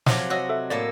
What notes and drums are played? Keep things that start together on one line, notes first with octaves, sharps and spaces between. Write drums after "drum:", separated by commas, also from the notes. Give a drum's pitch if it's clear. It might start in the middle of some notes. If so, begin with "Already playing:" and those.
C3 F3 F#3, drum: snare
F#4 C#5 D#5 E6 F#6
A4 E5
A2 A#3 A4 D5